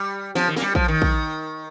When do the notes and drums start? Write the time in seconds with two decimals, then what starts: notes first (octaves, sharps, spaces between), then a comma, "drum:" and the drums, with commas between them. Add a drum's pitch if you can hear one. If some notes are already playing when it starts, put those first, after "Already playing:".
Already playing: G3
0.35 F3, drum: snare
0.48 D#3
0.56 A#3, drum: snare
0.62 G3
0.75 F3, drum: kick
0.88 D#3
1.02 drum: kick